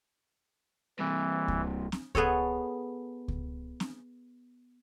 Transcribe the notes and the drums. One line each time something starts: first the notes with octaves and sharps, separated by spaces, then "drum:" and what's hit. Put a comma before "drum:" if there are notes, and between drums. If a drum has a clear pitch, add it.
G2 C3 E3
drum: kick C#2
drum: snare C4
B3 G#4 A4 C#5, drum: kick C#2
drum: kick C#2
drum: snare C4